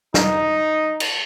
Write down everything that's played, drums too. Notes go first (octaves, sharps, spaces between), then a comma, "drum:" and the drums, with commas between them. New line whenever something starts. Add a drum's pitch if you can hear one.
D#4, drum: snare
drum: cymbal